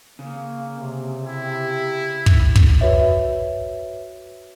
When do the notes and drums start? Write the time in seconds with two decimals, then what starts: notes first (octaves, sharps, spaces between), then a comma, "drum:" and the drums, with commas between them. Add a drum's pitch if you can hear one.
0.19 C#3 A#3
0.80 C3
1.26 E4 G4
2.26 drum: kick
2.56 drum: kick
2.81 F#4 B4 C#5 E5